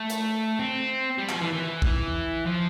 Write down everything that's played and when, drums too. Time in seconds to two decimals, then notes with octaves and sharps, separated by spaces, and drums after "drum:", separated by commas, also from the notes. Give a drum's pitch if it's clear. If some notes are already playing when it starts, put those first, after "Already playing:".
Already playing: A3
0.10 drum: hi-hat
0.59 C4
1.18 G3
1.29 F3, drum: clap
1.41 E3
1.53 E3
1.82 drum: kick
2.46 F3